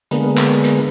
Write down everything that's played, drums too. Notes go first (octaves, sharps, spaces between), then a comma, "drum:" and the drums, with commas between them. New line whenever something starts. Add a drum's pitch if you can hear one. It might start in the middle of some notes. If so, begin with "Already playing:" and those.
D3 G#3 A#3 B3, drum: hi-hat
drum: clap
drum: hi-hat